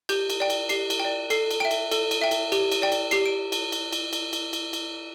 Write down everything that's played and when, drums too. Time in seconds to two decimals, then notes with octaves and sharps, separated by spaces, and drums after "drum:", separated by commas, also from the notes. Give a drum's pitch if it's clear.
0.09 G4 G6, drum: cymbal
0.30 drum: cymbal
0.40 D5 G5
0.50 drum: cymbal
0.69 G4 C7, drum: cymbal
0.90 drum: cymbal
1.00 G5
1.05 D5
1.30 A4 C7, drum: cymbal
1.51 drum: cymbal
1.60 E5 G5 D7
1.71 drum: cymbal
1.91 A4, drum: cymbal
2.11 drum: cymbal
2.21 E5 G5
2.31 drum: cymbal
2.52 G4, drum: cymbal
2.72 drum: cymbal
2.82 D5 G5
2.92 drum: cymbal
3.11 G4 C7, drum: cymbal
3.26 D7
3.52 drum: cymbal
3.72 drum: cymbal
3.93 drum: cymbal
4.13 drum: cymbal
4.33 drum: cymbal
4.53 drum: cymbal
4.73 drum: cymbal